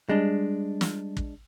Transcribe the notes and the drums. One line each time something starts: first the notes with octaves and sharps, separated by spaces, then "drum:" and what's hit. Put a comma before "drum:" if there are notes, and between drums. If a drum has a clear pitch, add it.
G3 G#3 D4
drum: snare
drum: kick